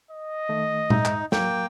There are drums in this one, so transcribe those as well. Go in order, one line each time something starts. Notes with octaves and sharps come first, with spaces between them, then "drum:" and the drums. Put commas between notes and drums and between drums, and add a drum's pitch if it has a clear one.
D#5
D#3 A3
E2 G#2 D#4 E5, drum: tom A#2
drum: clap
F#3 A#3 G5, drum: snare